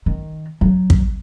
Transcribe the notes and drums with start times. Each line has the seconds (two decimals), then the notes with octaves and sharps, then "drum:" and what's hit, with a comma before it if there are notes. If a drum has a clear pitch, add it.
0.06 D#3
0.61 F#3
0.90 drum: kick